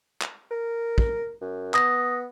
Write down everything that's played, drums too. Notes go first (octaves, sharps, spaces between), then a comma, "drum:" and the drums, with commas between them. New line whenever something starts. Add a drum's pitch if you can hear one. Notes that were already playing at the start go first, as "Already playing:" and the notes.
drum: clap
A#4
drum: kick
F#2
B3 D#6 A#6, drum: clap